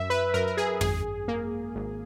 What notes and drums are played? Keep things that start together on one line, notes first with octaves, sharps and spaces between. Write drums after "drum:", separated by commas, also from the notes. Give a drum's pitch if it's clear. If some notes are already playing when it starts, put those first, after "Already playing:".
Already playing: F#2 E5
B4
F#2 A#4
A#4
G#4
G#1 G#4, drum: tom
A#3
G#1